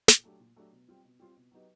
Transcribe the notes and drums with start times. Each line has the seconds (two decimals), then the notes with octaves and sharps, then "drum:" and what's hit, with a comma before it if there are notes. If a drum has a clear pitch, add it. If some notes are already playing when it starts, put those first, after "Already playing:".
0.08 A#2, drum: snare
0.24 F#3 A3 D4 G4
0.40 A#2
0.56 F#3 A3 D4 G4
0.73 B2
0.88 G3 C4 F4
1.05 B2
1.20 G3 C4 F4
1.37 B2
1.52 F#3 B3 D#4 G4